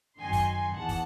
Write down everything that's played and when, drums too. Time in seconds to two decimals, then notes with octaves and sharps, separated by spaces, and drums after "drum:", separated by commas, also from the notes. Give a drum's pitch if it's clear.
0.19 F#2 D#3 G#5 C6
0.33 drum: kick, open hi-hat
0.75 E2 F#5 A5
0.89 drum: kick, open hi-hat